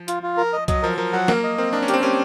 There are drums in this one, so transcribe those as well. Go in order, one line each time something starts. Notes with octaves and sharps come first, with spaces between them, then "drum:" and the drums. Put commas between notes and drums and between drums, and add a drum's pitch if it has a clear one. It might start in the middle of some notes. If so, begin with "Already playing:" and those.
Already playing: F3
F4, drum: hi-hat
F4
A#4
D#5
F#3 D#5, drum: kick C2, hi-hat
F3 A#4
F3 A#4
F#3 F#5
A#3 A#4, drum: snare
D#5
C4 A#4
D4 A#4
C#4
G4, drum: hi-hat
C4
C#4 G4